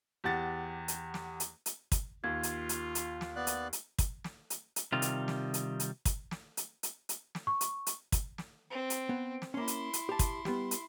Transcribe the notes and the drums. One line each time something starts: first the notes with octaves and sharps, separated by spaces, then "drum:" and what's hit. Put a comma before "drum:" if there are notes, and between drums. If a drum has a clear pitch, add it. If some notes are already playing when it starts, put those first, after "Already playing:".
E2 G4 F#5 A6
drum: hi-hat
drum: snare
drum: hi-hat
drum: hi-hat
drum: kick, hi-hat
D#2 F4 G#6
drum: hi-hat
drum: hi-hat
drum: hi-hat
drum: snare
B3 D5 F#6
drum: hi-hat
drum: hi-hat
drum: kick, hi-hat
drum: snare
drum: hi-hat
drum: hi-hat
C3 D#3 G3 F4
drum: hi-hat
drum: snare
drum: hi-hat
drum: hi-hat
drum: kick, hi-hat
drum: snare
drum: hi-hat
drum: hi-hat
drum: hi-hat
drum: snare
C#6
drum: hi-hat
drum: hi-hat
drum: kick, hi-hat
drum: snare
C4
drum: hi-hat
B3
drum: snare
A#3 C#4 E4 C6
drum: hi-hat
drum: hi-hat
G4 A5
drum: kick, hi-hat
G3 B3, drum: snare
drum: hi-hat